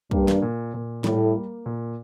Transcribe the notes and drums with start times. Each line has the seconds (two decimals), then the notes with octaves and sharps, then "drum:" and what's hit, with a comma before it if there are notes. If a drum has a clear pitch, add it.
0.11 G2 A#3, drum: kick
0.28 drum: snare
0.42 A#2
0.74 A#2
1.04 A2 G3, drum: snare
1.35 A#3
1.66 A#2